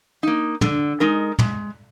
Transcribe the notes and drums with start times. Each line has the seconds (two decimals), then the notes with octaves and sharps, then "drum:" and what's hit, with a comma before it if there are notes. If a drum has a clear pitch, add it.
0.23 A#3 D#4
0.61 D3, drum: tom
1.00 G#3 D#4 A#4
1.39 G#3, drum: tom